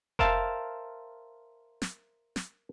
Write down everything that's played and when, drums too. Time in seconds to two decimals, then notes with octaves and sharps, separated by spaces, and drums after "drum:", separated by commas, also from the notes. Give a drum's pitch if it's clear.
0.19 A#4 C5 E5 F5 A5, drum: kick F1
1.82 drum: snare
2.36 drum: snare